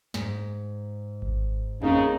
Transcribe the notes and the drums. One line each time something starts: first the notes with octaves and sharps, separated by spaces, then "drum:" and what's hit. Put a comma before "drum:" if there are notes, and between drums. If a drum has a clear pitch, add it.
G#2, drum: snare
drum: kick G#1
A1 C#3 A#3 C4 D#4, drum: tom E2